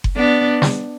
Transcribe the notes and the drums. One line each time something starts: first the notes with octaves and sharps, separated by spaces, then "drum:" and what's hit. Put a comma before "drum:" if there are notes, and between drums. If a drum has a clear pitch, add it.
drum: kick F#1
B3 D4
drum: snare